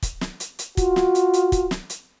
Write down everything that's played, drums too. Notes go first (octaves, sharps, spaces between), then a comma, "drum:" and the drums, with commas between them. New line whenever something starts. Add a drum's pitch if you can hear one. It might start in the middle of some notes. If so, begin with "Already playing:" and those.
drum: kick, hi-hat
drum: snare
drum: hi-hat
drum: hi-hat
F4 F#4, drum: kick, hi-hat
drum: snare
drum: hi-hat
drum: hi-hat
drum: kick, hi-hat
drum: snare
drum: hi-hat